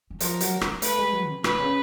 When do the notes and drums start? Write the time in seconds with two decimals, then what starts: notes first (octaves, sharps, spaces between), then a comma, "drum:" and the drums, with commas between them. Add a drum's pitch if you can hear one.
0.10 E3
0.20 F3 A#4, drum: hi-hat
0.41 F#3, drum: hi-hat
0.61 G#3, drum: rim click
0.82 A3 B4, drum: hi-hat
0.98 G#3
1.13 F#3
1.28 C3
1.44 B2 B4, drum: rim click
1.60 C#3